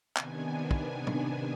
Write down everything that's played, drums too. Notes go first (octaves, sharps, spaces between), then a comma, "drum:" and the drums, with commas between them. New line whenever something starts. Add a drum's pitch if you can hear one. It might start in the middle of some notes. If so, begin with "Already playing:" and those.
C3 D#3 B3 D4 G#5, drum: clap
drum: kick
drum: tom